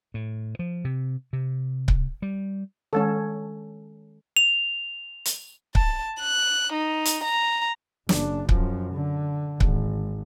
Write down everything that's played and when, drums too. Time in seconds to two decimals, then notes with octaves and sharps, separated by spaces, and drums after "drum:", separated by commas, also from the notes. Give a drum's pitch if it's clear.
0.14 A2
0.59 F3
0.85 C3
1.33 C3
1.88 drum: kick C#1
2.22 G3
2.93 D#3 G#3 C#4 A4
4.37 F7
5.25 drum: hi-hat
5.75 A5, drum: kick C#1
6.21 F#6
6.73 D#4
7.05 drum: hi-hat
7.24 A#5
8.09 F#1 D4, drum: snare
8.49 F#2 F3, drum: kick C#1
8.93 D3
9.60 G#1, drum: kick C#1